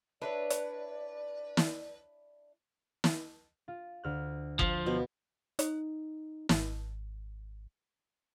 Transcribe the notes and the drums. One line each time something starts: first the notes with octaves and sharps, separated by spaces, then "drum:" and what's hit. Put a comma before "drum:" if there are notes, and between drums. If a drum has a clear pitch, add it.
D4 E4 B4 C#5 D5
drum: hi-hat
drum: snare
drum: snare
F4
D2 F6 F#6
F3 F4, drum: kick
B2
D#4, drum: hi-hat
G#1, drum: snare